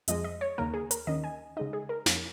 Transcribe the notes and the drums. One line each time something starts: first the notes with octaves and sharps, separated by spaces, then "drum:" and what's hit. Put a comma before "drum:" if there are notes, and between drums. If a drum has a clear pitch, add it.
F2 F3 G#3 D#5, drum: hi-hat
D#5
C#5
D#2 C#3 A#3 A#4
G#4
A#4, drum: hi-hat
D#2 D#3 C#4 D#5
G#5
C#3 G#3 D#4 D#5
G#4
A#4
F2 F3 A#3 C#4, drum: snare